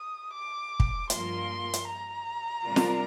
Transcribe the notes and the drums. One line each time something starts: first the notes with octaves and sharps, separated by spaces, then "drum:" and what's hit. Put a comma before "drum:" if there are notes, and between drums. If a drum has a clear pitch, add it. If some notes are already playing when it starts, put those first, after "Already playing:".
Already playing: D#6
D6
drum: kick
G2 F3 A#3 F4 A#4 C6, drum: hi-hat
drum: hi-hat
A#5
C3 G3 D4 F4 A#4
drum: snare